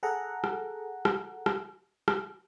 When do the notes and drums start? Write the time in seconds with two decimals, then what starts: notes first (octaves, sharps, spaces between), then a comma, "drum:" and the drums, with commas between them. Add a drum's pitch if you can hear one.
0.03 G#4 A4 F#5 A#5
0.44 drum: rim click
1.05 drum: rim click
1.46 drum: rim click
2.08 drum: rim click